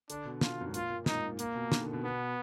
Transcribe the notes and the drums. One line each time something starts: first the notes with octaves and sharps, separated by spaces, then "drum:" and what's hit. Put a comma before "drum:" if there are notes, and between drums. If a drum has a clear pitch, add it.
D3 D4, drum: hi-hat
B2
F4, drum: snare
F#2
G#2
A#2 F4, drum: hi-hat
A#2
G#2 D#4, drum: snare
A#2
G#2
G#2
A#2 A#3, drum: hi-hat
B2
D#3, drum: snare
D3
B2
B3